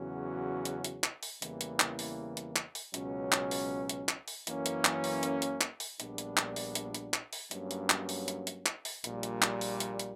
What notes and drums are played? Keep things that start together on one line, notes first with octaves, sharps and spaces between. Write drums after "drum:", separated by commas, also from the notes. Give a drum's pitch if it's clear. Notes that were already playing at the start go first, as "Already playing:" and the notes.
Already playing: E2 C#3 F#3 C#4 F#4
drum: hi-hat
drum: hi-hat
drum: clap
drum: open hi-hat
E2 C#3 E3 G3 A#3, drum: hi-hat
drum: hi-hat
drum: clap
drum: open hi-hat
drum: hi-hat
drum: clap
drum: open hi-hat
C#2 B2 F#3 C#4, drum: hi-hat
drum: clap
drum: open hi-hat
drum: hi-hat
drum: clap
drum: open hi-hat
F#2 E3 A#3 C#4, drum: hi-hat
drum: hi-hat
drum: clap
drum: open hi-hat
drum: hi-hat
drum: hi-hat
drum: clap
drum: open hi-hat
A#1 A#2 G3 B3 D4, drum: hi-hat
drum: hi-hat
drum: clap
drum: open hi-hat
drum: hi-hat
drum: hi-hat
drum: clap
drum: open hi-hat
G2 F#3 A#3 C#4, drum: hi-hat
drum: hi-hat
drum: clap
drum: open hi-hat
drum: hi-hat
drum: hi-hat
drum: clap
drum: open hi-hat
A#1 A#2 G3, drum: hi-hat
drum: hi-hat
drum: clap
drum: open hi-hat
drum: hi-hat
drum: hi-hat